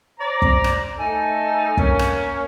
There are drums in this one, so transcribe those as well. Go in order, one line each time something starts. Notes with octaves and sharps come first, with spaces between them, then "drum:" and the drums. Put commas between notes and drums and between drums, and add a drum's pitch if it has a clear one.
C5 D5 A#5
drum: kick
drum: rim click
A3 D#4 A4 G#5
A#3 C#4, drum: kick
drum: rim click